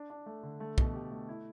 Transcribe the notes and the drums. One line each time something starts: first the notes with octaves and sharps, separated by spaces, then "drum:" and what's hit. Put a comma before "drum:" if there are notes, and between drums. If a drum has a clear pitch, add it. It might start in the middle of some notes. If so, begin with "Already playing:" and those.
Already playing: D4
D4
A3
D3
A3
B2, drum: kick
G4
A3
E4